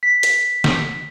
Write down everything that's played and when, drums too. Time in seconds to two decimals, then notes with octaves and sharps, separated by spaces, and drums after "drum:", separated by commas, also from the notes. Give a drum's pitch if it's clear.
0.03 B6
0.23 drum: hi-hat
0.64 drum: snare